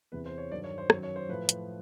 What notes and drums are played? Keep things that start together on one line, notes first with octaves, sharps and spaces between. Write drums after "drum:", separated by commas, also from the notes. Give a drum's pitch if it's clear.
E2 C3 E3 B4
C5
C#5
G2 D#3 F#3 D5
C#5
C5
F#2 D#3 F#3 C#5, drum: rim click
C#5
C5
A2 F3 B4
drum: hi-hat